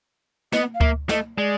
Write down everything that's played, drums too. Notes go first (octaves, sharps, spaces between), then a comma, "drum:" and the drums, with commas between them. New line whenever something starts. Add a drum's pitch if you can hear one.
B3 D#5, drum: snare
F5
A#3 E5, drum: kick D2
A3 D#5, drum: snare
G#3 D5